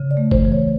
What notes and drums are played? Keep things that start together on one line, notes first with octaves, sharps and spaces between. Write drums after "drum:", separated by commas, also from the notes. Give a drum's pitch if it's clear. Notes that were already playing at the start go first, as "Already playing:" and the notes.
Already playing: C#3
D5
A3
C5, drum: kick F#1
E3
C#5